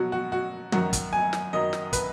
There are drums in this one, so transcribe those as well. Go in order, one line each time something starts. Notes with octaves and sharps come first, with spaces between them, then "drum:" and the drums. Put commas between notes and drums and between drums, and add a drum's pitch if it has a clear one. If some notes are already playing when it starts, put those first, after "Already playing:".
Already playing: B2 F#3 F#4
F#4
F#4
F#2 D#3 F#3 F#4, drum: tom
drum: kick, hi-hat
G#5
drum: snare
F#2 D#3 F#3 D#5
drum: snare
B4, drum: kick, hi-hat